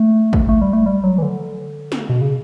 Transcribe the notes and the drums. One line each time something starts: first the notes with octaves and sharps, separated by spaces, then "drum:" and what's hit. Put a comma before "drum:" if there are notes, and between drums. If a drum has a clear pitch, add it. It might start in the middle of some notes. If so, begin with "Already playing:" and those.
Already playing: A3
drum: kick
A3
G3
A3
G3
F#3
E3
D3
drum: snare
B2
C#3